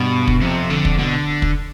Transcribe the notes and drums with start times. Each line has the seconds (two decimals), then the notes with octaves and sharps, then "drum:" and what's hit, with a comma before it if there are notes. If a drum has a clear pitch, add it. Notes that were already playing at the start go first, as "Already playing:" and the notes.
Already playing: G2 B2
0.28 drum: kick
0.42 F2 C3
0.70 D3
0.85 drum: kick
0.99 B2 D3
1.42 drum: kick